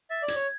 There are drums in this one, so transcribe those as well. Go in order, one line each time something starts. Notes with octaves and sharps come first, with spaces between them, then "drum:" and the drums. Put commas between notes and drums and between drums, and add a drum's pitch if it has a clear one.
E5 A6
D5
G#6, drum: hi-hat
C#5